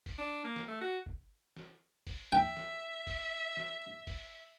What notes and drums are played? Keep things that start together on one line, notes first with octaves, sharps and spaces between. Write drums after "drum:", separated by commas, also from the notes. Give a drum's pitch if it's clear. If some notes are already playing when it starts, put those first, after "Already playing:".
drum: kick, open hi-hat
D4
A#3
drum: snare
A3
F#4
drum: kick
drum: snare
drum: kick, open hi-hat
E5 G5
drum: snare
drum: kick, open hi-hat
drum: snare
drum: kick, open hi-hat